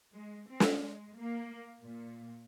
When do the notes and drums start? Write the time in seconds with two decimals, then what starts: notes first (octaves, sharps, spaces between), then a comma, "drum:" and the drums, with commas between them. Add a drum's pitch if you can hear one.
0.13 G#3
0.49 C4
0.60 drum: snare
0.79 G#3
1.16 A#3
1.82 A#2